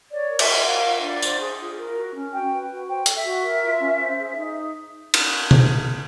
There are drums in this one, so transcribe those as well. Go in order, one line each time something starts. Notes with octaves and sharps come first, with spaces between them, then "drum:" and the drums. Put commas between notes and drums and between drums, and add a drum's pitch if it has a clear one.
C#5 D5
A#4
E5, drum: cymbal
F#4
A#4 F5
F4
D4
C5, drum: tambourine
G#4
F4
A#4
F#4
C#4
F#4 G5
B4
F#4
C5 G5
A4, drum: hi-hat
E5
F#4
A#4
F4
C#4
C5
G#4
D#4
drum: cymbal
drum: tom B2